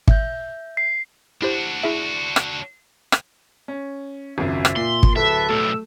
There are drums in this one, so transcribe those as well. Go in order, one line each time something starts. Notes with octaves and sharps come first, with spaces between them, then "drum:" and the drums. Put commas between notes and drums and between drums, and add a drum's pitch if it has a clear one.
E5 G6, drum: kick
C7
D4 E4 F#4 G4 C5
E4 G#4 E5
drum: rim click
drum: rim click
C#4
G#1 C#2 F#2 E5
drum: rim click
A#2 C6
drum: kick
D1 A4 B4 E5
B1 A2 A3 E6